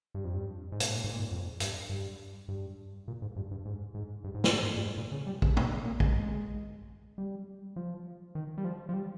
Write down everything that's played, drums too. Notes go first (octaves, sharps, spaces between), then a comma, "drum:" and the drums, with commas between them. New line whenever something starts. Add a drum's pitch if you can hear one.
G2
F2
G2
G#2
A#2, drum: hi-hat
G#2
A#2
G#2
A#2
G#2
F2
G2, drum: hi-hat
G2
G2
A#2
G#2
G2
G2
G#2
G#2
G2
G#2
A#2, drum: snare
G#2
G2
G#2
A#2
C#3
G3
G#3, drum: kick
A#3, drum: tom A#2
A#3
G#3, drum: kick
G3
F3
D#3
G3
F3
F3
G3